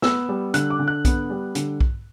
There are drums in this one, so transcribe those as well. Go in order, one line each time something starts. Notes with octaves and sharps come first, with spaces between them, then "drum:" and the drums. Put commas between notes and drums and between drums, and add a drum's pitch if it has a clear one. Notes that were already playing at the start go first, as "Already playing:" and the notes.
B3 E6, drum: snare
G3
D3 F#6, drum: hi-hat
D6
D3
F#6
B3, drum: kick B1, hi-hat
G3
D3, drum: hi-hat
drum: kick B1